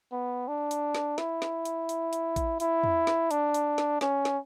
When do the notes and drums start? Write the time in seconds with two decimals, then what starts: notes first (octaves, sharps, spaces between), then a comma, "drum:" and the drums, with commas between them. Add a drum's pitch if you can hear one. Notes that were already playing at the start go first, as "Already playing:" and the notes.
0.12 B3
0.48 D4
0.71 drum: hi-hat
0.95 drum: snare
1.18 E4, drum: snare
1.42 drum: snare
1.65 drum: hi-hat
1.89 drum: hi-hat
2.13 drum: hi-hat
2.36 drum: kick A1, hi-hat
2.60 E4, drum: hi-hat
2.84 drum: tom E2
3.07 drum: snare
3.31 D4, drum: hi-hat
3.54 drum: hi-hat
3.78 drum: snare
4.01 C#4, drum: snare
4.25 drum: snare